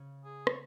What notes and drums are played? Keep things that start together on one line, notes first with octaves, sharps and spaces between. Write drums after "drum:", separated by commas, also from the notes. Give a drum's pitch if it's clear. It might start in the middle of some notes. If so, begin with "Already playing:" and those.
Already playing: C#3
G#4
C#5, drum: rim click